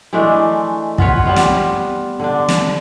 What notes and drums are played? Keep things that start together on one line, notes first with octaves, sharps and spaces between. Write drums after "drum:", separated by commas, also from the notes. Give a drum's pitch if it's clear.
E3 G#3 A3 D4
B3 F4 B4 C#5, drum: kick
G3 B3 F4
drum: snare
D3 D4
drum: snare